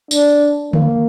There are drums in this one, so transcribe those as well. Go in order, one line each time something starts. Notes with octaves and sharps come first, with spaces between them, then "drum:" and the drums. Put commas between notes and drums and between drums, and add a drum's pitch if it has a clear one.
D4, drum: tambourine
A#3, drum: tom D3